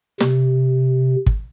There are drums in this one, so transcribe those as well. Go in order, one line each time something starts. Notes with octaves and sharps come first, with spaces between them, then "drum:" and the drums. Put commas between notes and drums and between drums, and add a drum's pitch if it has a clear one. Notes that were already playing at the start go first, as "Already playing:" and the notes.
C3, drum: snare
drum: kick